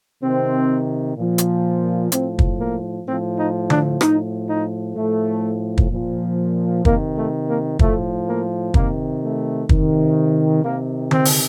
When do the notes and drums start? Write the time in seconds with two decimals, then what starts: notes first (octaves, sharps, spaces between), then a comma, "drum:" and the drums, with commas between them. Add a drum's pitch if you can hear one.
0.23 C3 D#3 C4
1.17 A#2 F3
1.38 drum: hi-hat
2.12 A2 F3 C4, drum: hi-hat
2.39 drum: kick
2.60 A#3
3.06 A2 F3 C4
3.37 D#4
3.70 D4, drum: tom D3
4.01 A2 F3 D#4, drum: rim click
4.48 D#4
4.95 A2 F3 A3
5.78 drum: kick
5.91 A#2 F3
6.85 C3 D#3 A#3, drum: kick
7.16 A3
7.48 A#3
7.79 A2 F3 A3, drum: kick
8.27 A#3
8.74 C3 D#3 A#3, drum: kick
9.22 A3
9.69 C3 D#3, drum: kick
10.63 C3 D#3 A#3
11.11 C4, drum: tom D3
11.25 drum: open hi-hat